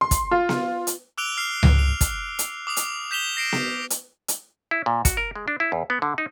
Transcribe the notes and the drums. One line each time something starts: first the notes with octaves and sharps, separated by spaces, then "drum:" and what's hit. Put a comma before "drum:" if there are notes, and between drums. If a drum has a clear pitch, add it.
C6
drum: kick, hi-hat
F4
drum: snare B3
drum: hi-hat
D6 E6 F#6 D7 F7 G7
F6 C7
drum: tom C#2
F7
drum: kick, hi-hat
drum: hi-hat
D6 D#6 C7 F7
drum: hi-hat
G6 B6 E7 F7 G7
A#6 C7 D7 E7
drum: snare B3
drum: hi-hat
drum: hi-hat
E4
A#2
F#4, drum: kick, hi-hat
A#4
G#3
D4
E4
E2
B3
D3
D#4